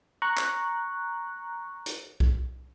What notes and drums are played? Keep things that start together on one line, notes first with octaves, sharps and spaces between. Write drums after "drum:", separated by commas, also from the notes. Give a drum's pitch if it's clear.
A#5 C#6 F#6
drum: clap
drum: hi-hat
drum: kick B1